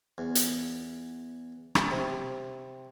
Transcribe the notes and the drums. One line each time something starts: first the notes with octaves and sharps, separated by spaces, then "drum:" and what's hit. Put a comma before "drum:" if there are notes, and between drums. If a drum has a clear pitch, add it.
E2
drum: hi-hat
drum: rim click
C3